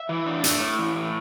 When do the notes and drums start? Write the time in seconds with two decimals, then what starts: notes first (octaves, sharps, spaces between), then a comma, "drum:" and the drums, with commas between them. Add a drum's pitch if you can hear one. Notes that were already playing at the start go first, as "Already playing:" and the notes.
Already playing: E5
0.09 E3
0.26 D4
0.44 A3, drum: hi-hat
0.61 A2
0.79 E3
0.96 A2